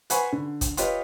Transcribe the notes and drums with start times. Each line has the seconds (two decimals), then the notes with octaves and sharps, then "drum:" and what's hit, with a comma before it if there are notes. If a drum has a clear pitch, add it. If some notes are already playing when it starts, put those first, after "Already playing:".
0.10 B4 C5 F#5 G#5 B5 C#6, drum: hi-hat
0.33 D3
0.61 drum: kick, hi-hat
0.77 F4 G4 B4 C#5 D#5, drum: hi-hat